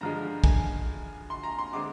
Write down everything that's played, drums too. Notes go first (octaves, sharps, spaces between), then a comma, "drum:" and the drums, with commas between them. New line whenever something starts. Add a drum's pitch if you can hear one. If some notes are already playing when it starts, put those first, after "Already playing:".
G2 D3 F3 G#3 A#5
G#5, drum: kick
C6
A#5
C6
D3 G#3 C4 D6